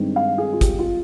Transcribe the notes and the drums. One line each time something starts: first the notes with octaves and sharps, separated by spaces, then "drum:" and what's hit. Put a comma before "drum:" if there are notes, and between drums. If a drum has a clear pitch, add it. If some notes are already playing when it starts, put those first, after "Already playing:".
Already playing: G2 D#3 G#3 C4
F5
G#4
F4
G4, drum: kick, hi-hat
F4